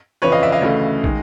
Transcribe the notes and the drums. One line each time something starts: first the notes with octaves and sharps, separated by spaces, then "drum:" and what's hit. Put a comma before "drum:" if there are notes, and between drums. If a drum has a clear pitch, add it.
F2 C#3 E3 B4 C#5
D#5 F5
D5 E5
D#5 F5
D2 C#3 E3 A3
D#3 G#3, drum: kick